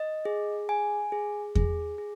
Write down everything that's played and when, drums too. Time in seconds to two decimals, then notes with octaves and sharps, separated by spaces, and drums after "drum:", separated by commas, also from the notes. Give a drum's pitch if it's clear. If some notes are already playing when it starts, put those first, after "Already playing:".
Already playing: D#5
0.25 G#4
0.69 G#5
1.12 G#4
1.55 G#4, drum: kick E2
1.98 G#4